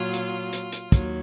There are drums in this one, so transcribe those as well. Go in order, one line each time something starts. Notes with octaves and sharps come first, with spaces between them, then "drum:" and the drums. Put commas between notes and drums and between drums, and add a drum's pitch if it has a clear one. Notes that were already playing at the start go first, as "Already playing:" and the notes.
Already playing: A#2 F#3 F4
drum: hi-hat
drum: hi-hat
drum: hi-hat
D#2 F#3, drum: kick, hi-hat